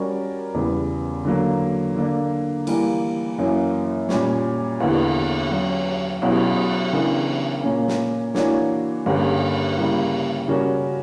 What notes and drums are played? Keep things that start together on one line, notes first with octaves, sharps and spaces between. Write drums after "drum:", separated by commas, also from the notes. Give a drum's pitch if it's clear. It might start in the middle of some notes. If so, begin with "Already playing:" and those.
Already playing: G3 C#4 F#4 A#4 D5
E2 C#3 G3 B3
D3 F#3 A#3
D3 A#3 D4
E3 G3 A#3, drum: cymbal
F#2 E3 A#3 C#4
A#2 G3 C#4, drum: snare
E2 D3 A#3 E4 B4, drum: cymbal
F#3 C#4 F#4 C#5
B2 F#3 C#4 E4, drum: cymbal
C#3 E3 B3 D4 A#4
A#2 A#3 C#4
drum: snare
E3 A#3 D4 F#4 C#5, drum: snare
G2 D3 A#3 C#4 G4, drum: cymbal
C#3 G3 A#3 E4
C#3 G3 C#4 F#4 A#4